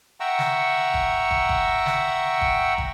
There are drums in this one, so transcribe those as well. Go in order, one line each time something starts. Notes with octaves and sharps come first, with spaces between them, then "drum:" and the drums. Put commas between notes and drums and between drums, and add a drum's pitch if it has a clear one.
E5 F#5 G5 A#5 C#6 E6
drum: snare
drum: kick
drum: kick
drum: kick
drum: snare
drum: kick
drum: kick